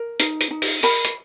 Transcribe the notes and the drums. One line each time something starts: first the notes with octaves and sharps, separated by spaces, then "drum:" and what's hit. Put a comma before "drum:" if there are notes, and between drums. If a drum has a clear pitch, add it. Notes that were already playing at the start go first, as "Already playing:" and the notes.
Already playing: A#4
D#4, drum: hi-hat
drum: hi-hat
D#4
drum: open hi-hat
A#4 B5, drum: open hi-hat
drum: hi-hat